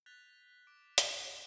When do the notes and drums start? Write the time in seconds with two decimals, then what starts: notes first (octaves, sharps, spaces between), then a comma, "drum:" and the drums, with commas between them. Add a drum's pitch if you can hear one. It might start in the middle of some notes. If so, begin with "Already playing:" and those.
0.06 F#6 G6 A6 B6 F7 G7
0.67 D6 D7
0.98 drum: hi-hat